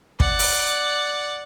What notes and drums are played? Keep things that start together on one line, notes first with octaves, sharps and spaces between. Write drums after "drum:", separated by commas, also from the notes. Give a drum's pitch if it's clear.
D5 F#5, drum: kick
drum: open hi-hat